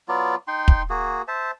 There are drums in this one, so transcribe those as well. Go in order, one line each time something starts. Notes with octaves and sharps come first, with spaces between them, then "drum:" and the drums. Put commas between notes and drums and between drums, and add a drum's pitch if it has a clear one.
F#3 B3 F4 D5
D#4 G5 C6
drum: kick
A#3 F#4 G#4
C5 E5 A5